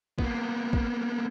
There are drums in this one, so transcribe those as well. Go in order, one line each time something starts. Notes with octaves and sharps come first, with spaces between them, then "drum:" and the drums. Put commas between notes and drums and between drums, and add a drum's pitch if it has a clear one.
A#3 B3, drum: kick
drum: kick